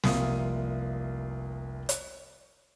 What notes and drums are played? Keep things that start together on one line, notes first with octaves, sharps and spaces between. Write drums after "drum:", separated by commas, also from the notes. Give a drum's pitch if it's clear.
F1 C2 A#3 F4 D#6, drum: snare
drum: hi-hat